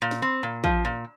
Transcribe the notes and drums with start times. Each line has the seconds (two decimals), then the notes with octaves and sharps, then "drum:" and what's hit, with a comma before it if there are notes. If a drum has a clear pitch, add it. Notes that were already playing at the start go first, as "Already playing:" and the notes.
0.02 A#2
0.11 drum: snare
0.22 C4
0.43 A#2
0.64 F3, drum: kick
0.85 A#2